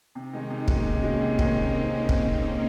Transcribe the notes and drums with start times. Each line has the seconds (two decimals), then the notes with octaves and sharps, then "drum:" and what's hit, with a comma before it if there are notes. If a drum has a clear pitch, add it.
0.15 C3 C4 D#4
0.33 D#3 G#3
0.50 C3 A#3 C#4
0.68 D#3 G#3, drum: kick
0.86 C3 A#3 C#4
1.03 D#3 G#3
1.21 C3 C4 D#4
1.39 D#3 G#3, drum: kick
2.09 drum: kick